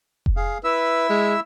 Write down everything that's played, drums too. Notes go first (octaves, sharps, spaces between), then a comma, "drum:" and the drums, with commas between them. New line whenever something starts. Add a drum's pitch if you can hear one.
drum: kick F1
G#4 F5
E4 B4 E5 E6
G#3